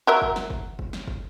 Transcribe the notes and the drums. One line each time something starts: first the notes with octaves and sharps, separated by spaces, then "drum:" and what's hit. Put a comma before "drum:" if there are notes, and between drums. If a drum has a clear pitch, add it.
F#4 A#4 E5
drum: kick
drum: snare
drum: kick
drum: kick
drum: snare
drum: kick